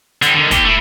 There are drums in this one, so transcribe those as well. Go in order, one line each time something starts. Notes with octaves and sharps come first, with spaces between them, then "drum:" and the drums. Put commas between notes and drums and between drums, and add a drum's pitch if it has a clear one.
D3 G3, drum: hi-hat
D3 D#3
D#2 G4, drum: kick, hi-hat
A3 E4